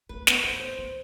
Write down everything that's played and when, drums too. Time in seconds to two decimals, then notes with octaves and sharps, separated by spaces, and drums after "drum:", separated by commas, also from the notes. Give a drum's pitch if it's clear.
0.09 C4 B4
0.22 A3
0.27 B3 B4, drum: snare
0.44 C4 C5
0.60 C5
0.78 B3